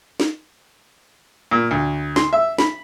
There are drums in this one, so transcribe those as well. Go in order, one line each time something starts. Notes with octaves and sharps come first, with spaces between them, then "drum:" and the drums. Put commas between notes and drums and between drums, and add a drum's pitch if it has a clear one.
drum: snare
A#2
D2
C6, drum: snare
E5
B5, drum: snare